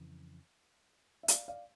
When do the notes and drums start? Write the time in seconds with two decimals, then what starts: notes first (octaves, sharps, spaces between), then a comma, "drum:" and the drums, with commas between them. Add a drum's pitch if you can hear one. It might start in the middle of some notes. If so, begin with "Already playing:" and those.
Already playing: F2 C#3 E3
1.23 E5
1.28 D5 F5, drum: hi-hat
1.48 D5 F5